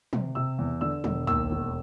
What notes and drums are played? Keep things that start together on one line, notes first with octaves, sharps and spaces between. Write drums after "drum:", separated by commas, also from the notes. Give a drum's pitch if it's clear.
C3, drum: tom
C3 E6
E2
D3 E6
E1, drum: tom
D#2 E6, drum: tom
E1